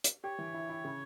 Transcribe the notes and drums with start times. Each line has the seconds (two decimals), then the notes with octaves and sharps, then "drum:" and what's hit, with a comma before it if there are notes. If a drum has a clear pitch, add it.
0.04 drum: hi-hat
0.24 G4 C#5
0.38 E3
0.54 E4
0.69 E4
0.85 C#3